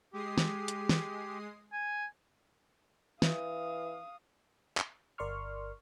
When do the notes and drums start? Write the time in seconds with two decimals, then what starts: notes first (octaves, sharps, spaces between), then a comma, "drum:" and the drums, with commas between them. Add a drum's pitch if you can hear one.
0.13 G#3 G4 D#6 C7
0.38 drum: snare
0.68 drum: hi-hat
0.89 drum: snare
1.72 G#5
3.22 E3 F5 D#6, drum: snare
4.77 drum: clap
5.18 G1 A#4 D5 C6 C#6 F6